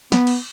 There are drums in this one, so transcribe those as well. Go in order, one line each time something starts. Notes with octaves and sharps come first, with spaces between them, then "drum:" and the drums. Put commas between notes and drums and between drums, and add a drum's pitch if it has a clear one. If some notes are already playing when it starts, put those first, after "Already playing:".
B3, drum: snare
drum: cymbal